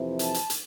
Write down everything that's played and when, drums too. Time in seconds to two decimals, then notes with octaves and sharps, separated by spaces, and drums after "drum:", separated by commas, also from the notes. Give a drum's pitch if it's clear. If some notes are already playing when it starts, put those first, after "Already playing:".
Already playing: F2 C3 E3
0.19 A5, drum: hi-hat
0.34 drum: hi-hat
0.50 drum: hi-hat